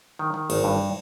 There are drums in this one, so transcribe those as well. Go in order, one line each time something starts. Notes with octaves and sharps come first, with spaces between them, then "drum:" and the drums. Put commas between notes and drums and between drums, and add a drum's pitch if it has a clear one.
D#3
D#3
G#1, drum: cymbal
G2